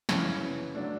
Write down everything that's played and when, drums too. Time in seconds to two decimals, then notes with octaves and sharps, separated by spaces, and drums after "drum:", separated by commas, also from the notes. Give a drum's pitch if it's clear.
0.09 F#2 C#3 E3 B3 C#4, drum: snare
0.74 F#3 A3 D4